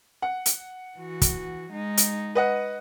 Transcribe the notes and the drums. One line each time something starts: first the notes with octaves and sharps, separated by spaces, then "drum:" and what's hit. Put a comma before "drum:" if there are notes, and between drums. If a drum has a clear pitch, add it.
F#5
drum: hi-hat
E3 F#4
drum: kick, hi-hat
G#3 D#4
drum: hi-hat
B4 D#5 F#5